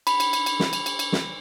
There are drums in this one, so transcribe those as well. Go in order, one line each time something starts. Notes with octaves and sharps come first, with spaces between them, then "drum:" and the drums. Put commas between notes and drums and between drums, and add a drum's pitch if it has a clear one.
B5, drum: cymbal
drum: cymbal
drum: cymbal
drum: cymbal
drum: snare
drum: cymbal
drum: cymbal
drum: cymbal
drum: snare